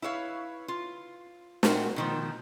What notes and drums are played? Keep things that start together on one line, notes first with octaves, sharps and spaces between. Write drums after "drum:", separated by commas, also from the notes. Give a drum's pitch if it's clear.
E4 B4 C#5 F5
F4
A#2 C4 F#4, drum: snare
B2 D#3 F3